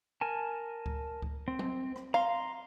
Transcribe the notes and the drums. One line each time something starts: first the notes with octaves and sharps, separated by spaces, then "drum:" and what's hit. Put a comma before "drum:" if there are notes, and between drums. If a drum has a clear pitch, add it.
A#4 G#5 A5
drum: kick C#2
drum: kick C#2
C4
drum: tom F#3
drum: rim click
F5 A#5 C6